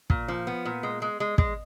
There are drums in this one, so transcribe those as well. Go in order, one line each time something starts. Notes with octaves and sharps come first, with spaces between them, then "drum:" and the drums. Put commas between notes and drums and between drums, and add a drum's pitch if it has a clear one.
A#2, drum: kick
F3
B3
A#2
G#3
G#3
G#3
G#3, drum: kick